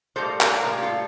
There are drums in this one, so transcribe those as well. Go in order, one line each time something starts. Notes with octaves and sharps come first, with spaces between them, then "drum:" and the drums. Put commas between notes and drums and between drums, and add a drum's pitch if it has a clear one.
A2 G3 A#3 A4 C5
G4 A#4, drum: clap
F4
A2 G3 A#3 F4
G4
F4 A4